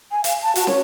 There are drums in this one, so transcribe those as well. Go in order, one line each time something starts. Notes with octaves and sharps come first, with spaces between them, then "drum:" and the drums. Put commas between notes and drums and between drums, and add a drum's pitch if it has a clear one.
G#5
F5, drum: hi-hat
A5
F#4, drum: hi-hat
C#5, drum: snare